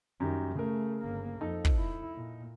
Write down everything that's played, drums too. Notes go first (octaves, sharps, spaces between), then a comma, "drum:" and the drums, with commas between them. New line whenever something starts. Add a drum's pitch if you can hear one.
F#2 D#3 G3
C#3 A3 G#4 A#4
G1 A#3
F2 D#4 A4
drum: kick
E4
A#2